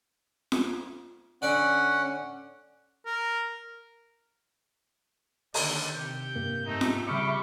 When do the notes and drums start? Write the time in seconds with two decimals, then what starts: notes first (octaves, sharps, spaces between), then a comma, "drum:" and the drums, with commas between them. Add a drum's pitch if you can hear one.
0.52 drum: snare
1.42 D3 C#4 D5 E5 F#5
3.06 A#4
5.54 D3 D#3 A#3 D5, drum: open hi-hat
5.90 C3 G4 G6
6.36 G2 A#3 A#4
6.66 G#2 A3 C4 D#4
6.81 drum: snare
7.07 C#3 G3 E5 B5 C#6 D6 F6 C#7